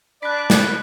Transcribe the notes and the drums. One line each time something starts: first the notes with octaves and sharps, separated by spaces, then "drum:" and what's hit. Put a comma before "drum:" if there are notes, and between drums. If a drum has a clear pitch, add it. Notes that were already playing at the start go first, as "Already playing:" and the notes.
D4 D5 B5 F#6 B6
drum: snare